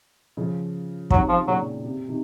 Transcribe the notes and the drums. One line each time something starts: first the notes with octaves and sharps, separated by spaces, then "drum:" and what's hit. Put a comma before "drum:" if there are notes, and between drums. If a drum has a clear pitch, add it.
C#3 F3
C3 D#3 F#3, drum: kick
F3
A#2 C#3 F#3
C3
C3 D#3